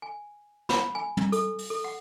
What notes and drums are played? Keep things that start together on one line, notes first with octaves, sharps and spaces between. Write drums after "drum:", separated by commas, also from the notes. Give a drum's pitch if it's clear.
G#5
B5, drum: snare
G#5
drum: tom
A4, drum: hi-hat
drum: open hi-hat
A4
F#5